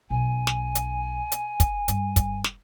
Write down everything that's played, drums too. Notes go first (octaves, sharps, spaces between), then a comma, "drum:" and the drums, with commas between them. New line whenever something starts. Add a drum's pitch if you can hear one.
B1 G#5
drum: snare
drum: hi-hat
drum: hi-hat
drum: kick, hi-hat
G2, drum: hi-hat
drum: kick, hi-hat
drum: snare